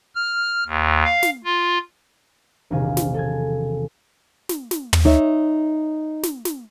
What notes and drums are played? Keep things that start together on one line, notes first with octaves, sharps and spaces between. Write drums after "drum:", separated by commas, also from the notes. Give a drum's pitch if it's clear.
F6
D#2
F5
drum: snare
F4
E1 A#1 C3 D#3 F5 G#5
drum: snare
A4 G#5 G#6
drum: snare
drum: snare
drum: tom
D#4 C#5 E5
drum: snare
drum: snare